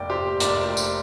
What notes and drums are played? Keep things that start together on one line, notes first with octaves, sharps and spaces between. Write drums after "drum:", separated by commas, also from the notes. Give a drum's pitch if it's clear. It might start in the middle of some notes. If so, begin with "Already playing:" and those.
Already playing: F1 A#3 D5 G5
G4 C5
F1 A#4 D5, drum: hi-hat
D5
G4 C5
drum: tambourine